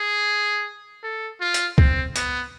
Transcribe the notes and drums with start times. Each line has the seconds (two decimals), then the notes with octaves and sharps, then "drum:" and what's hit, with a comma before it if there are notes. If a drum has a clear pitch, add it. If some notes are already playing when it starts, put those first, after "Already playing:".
Already playing: G#4
1.04 A4
1.41 F4
1.54 drum: hi-hat
1.78 C4, drum: kick C#2
2.16 B3, drum: hi-hat